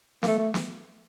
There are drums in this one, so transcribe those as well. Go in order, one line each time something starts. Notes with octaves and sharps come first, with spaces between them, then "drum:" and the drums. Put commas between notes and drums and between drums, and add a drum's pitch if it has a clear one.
A#3, drum: snare
A3
A3
drum: snare